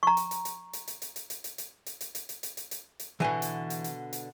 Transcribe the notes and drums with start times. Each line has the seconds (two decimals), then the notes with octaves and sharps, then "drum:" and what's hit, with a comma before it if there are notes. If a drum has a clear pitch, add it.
0.03 A#5 C#6
0.17 drum: hi-hat
0.31 drum: hi-hat
0.45 drum: hi-hat
0.73 drum: hi-hat
0.88 drum: hi-hat
1.02 drum: hi-hat
1.16 drum: hi-hat
1.30 drum: hi-hat
1.44 drum: hi-hat
1.58 drum: hi-hat
1.86 drum: hi-hat
2.01 drum: hi-hat
2.15 drum: hi-hat
2.29 drum: hi-hat
2.43 drum: hi-hat
2.57 drum: hi-hat
2.71 drum: hi-hat
3.00 drum: hi-hat
3.20 B2 D3 E3 G#5
3.42 drum: hi-hat
3.70 drum: hi-hat
3.84 drum: hi-hat
4.13 drum: hi-hat